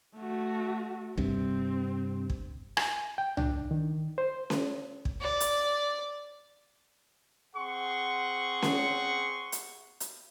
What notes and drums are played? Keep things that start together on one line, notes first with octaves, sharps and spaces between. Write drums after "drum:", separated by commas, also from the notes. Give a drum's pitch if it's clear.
A3 F#4
G2 C3 C4, drum: kick
drum: kick
G#5, drum: rim click
G5
D4, drum: tom C2
D#3
C5
drum: snare C#4
drum: kick
D5
drum: hi-hat
C4 G#4 F#5 C6 C#6
drum: snare C#4
drum: hi-hat
drum: hi-hat